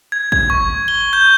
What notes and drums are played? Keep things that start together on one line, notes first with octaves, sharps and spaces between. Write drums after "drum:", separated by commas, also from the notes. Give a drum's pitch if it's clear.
G#6
G#6, drum: kick
C#6
G7
G6